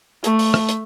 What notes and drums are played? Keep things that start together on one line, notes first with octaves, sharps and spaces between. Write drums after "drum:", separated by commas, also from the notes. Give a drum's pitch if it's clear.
A3, drum: hi-hat
drum: open hi-hat
drum: rim click
drum: hi-hat